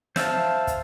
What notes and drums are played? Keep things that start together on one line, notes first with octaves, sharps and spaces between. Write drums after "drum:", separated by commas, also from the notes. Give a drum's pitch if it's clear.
C5 E5 F5 A5, drum: snare
drum: kick, hi-hat